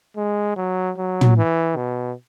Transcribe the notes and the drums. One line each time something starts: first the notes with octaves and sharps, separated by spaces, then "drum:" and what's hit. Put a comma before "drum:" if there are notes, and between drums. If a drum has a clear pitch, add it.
G#3
F#3
F#3
drum: tom
E3
B2